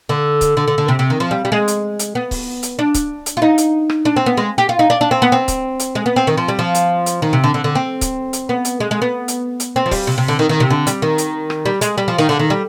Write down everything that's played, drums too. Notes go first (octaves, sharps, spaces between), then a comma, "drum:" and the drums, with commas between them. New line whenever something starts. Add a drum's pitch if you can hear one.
D3
drum: kick C#1, hi-hat
D3
D3
D3
C3
C3
D#3
F3
G3
G3
G#3
drum: hi-hat
drum: hi-hat
B3
drum: kick C#1, open hi-hat
drum: hi-hat
D4
drum: kick C#1, hi-hat
drum: hi-hat
F4
D#4
drum: hi-hat
drum: rim click
D4
C4
B3
G#3
G4
F4
D#4
D4
D4
C4
B3
C4
drum: kick C#1, hi-hat
drum: hi-hat
G#3
B3
C4
D#3
F3
G3
F3
drum: hi-hat
drum: hi-hat
D#3
C3
D3
D3
D3
C4
drum: kick C#1, hi-hat
drum: hi-hat
B3
drum: hi-hat
G#3
G#3
B3
drum: hi-hat
drum: hi-hat
C4
F3
G3, drum: kick C#1, open hi-hat
C3
C3
D3
D#3
D#3
C3
D3
G3, drum: hi-hat
D#3
drum: hi-hat
drum: rim click
G3
G#3, drum: hi-hat
G3
F3
D#3
D3
D#3
G3